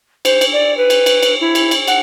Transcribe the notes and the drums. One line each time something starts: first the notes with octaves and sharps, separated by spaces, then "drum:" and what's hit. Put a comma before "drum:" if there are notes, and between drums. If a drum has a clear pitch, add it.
C5, drum: cymbal
drum: cymbal
D5
B4
drum: cymbal
drum: cymbal
drum: cymbal
E4
drum: cymbal
drum: cymbal
F#5, drum: cymbal